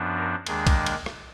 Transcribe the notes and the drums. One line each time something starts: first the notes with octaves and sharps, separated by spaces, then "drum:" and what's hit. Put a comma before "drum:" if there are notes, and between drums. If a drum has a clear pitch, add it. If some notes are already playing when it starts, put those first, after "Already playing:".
Already playing: F#2 F3 B3 D4
A#4
D#2 D#3 G#3 D4 G#4, drum: cymbal
drum: kick B1, cymbal
drum: cymbal
drum: rim click